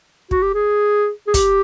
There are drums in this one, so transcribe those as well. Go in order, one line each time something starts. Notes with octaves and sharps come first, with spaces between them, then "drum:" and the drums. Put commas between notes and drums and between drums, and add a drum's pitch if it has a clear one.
F#4, drum: kick
G4
G#4
G#4
G4, drum: kick, hi-hat